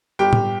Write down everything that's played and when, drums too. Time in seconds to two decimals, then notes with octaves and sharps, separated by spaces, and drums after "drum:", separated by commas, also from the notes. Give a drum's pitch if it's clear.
0.19 G1 G4 G5
0.33 drum: tom A2